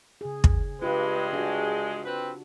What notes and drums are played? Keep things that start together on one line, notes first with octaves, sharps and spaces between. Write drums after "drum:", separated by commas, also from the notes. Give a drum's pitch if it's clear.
C#3 G#4
drum: kick
G2 G#3 F4 G4 B4
D4 F#4 G#4
C4 B4